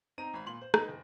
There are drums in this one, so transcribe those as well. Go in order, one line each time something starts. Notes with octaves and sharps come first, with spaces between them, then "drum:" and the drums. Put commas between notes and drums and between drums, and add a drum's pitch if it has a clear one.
C4 D#4 A#5 D#7
G#1 B5
A#2 C6 F#7
C5
D#4 B4, drum: rim click
F#1